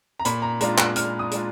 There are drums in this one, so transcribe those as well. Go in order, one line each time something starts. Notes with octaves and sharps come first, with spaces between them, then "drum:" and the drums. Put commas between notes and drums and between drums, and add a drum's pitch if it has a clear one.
A#5
A#2 B5, drum: hi-hat
A#5
G#3 D4 F4 A#5, drum: hi-hat
F#6, drum: clap
A#2 F6, drum: hi-hat
D#6
G#3 D4 F4, drum: hi-hat